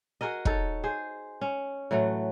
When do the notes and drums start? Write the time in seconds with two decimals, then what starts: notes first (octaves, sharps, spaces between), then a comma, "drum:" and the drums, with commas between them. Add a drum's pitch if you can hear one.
0.21 F#4 G#4 A#4 D#5
0.45 D#4 A4 C#5, drum: kick
0.84 G#4 C5
1.41 C#4
1.91 A2 E3 F#3 A3